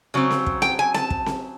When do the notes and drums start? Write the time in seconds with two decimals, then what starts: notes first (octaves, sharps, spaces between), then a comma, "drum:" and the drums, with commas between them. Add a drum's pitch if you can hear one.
0.14 C#3 F#3 C4
0.30 drum: snare C4
0.46 drum: kick
0.62 G5, drum: snare C4
0.79 G#5
0.94 A5, drum: snare C4
1.10 drum: kick
1.26 drum: snare C4